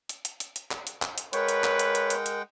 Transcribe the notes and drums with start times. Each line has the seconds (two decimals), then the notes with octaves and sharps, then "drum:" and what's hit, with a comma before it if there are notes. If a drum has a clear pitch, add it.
0.09 drum: hi-hat
0.25 drum: hi-hat
0.40 drum: hi-hat
0.56 drum: hi-hat
0.71 drum: clap
0.87 drum: hi-hat
1.02 drum: clap
1.18 drum: hi-hat
1.33 G#3 A#4 B4 C#5 F#5 G5, drum: hi-hat
1.49 drum: hi-hat
1.64 drum: clap
1.79 drum: hi-hat
1.95 drum: hi-hat
2.10 drum: hi-hat
2.26 drum: hi-hat